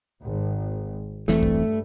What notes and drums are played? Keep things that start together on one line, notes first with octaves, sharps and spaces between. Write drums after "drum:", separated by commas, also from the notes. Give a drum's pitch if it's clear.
G#1
E1 G2 E3 A3 C4, drum: snare
drum: kick A#1